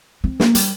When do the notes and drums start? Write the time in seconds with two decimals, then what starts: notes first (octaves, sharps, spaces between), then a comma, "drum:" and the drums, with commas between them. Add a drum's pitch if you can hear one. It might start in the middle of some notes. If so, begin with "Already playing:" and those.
0.24 C4
0.40 A#3, drum: snare
0.55 G3, drum: hi-hat